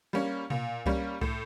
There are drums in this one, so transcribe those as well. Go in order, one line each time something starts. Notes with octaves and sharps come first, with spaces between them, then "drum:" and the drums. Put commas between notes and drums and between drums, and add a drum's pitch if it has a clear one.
G3 A#3 C#4
A#2, drum: tom B2
G3 A#3 C#4, drum: kick C2
A2, drum: kick C2